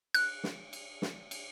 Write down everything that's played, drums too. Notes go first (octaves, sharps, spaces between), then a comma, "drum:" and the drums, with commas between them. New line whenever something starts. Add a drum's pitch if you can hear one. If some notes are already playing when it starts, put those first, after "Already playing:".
F#6, drum: cymbal
drum: snare
drum: cymbal
drum: snare
drum: cymbal